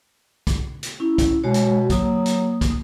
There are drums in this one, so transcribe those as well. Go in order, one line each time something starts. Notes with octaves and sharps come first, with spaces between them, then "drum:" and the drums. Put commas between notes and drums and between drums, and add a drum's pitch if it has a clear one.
drum: kick, hi-hat
drum: hi-hat
C#4 E4
drum: kick, hi-hat
B2 G#3 F#4 C#5
drum: hi-hat
F#3 A#3 D#6, drum: kick, hi-hat
drum: hi-hat
drum: kick, hi-hat